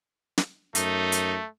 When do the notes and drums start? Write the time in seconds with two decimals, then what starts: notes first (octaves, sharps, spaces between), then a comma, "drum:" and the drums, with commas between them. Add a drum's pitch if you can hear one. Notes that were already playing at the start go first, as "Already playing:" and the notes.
0.38 drum: snare
0.75 F#2 A3 D#4, drum: hi-hat
1.12 drum: hi-hat